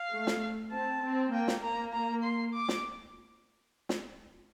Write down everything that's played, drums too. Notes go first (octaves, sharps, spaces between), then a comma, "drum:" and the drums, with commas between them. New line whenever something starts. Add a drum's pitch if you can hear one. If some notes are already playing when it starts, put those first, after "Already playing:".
Already playing: F5
A3
drum: snare
C4 A5
C4
A#3 G5
drum: snare
A#3 A#5
A#5
C6
D6
drum: snare
drum: snare